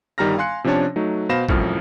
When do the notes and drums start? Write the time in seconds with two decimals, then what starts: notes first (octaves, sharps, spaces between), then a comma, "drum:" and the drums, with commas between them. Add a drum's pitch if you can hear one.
0.18 G1 D#3 G3 A#5 F6 A#6
0.38 F5 G#5 C6 F#6 C#7
0.64 C3 F3 C#4 D4 C#5 A5
0.96 F#3 A3 D#4
1.29 B2 C5 F5 B5 A#6 E7
1.49 C2 F#2 A2 F3 F6, drum: kick A1